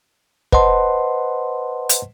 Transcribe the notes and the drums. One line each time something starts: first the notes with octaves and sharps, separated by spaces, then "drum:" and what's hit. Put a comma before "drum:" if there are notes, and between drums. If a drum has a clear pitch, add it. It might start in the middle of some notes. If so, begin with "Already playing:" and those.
B4 C5 D#5 F#5 A5 C6, drum: kick
drum: hi-hat